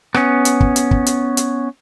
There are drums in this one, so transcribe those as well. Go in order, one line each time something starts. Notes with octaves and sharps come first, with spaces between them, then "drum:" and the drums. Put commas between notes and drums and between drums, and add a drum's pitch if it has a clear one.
B3 C#4, drum: rim click
drum: hi-hat
drum: kick
drum: hi-hat
drum: kick
drum: hi-hat
drum: hi-hat